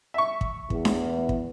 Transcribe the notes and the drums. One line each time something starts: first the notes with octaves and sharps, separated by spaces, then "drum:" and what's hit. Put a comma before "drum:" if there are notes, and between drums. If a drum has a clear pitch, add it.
E5 C#6
drum: kick
E2, drum: kick
drum: snare D4
drum: kick